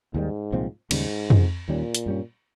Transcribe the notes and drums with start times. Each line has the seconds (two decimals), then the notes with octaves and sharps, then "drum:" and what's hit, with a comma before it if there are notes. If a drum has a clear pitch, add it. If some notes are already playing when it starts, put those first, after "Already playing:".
0.14 D#2 G#2 D#3 G3
0.52 C2 A#2 F3 C4
0.91 D#2 G#2 C#3 G3, drum: cymbal
1.30 C3 F3 G#3, drum: tom
1.68 D#2 A#2 D#3 G3 C#4
1.95 drum: hi-hat
2.06 G2 G3 C#4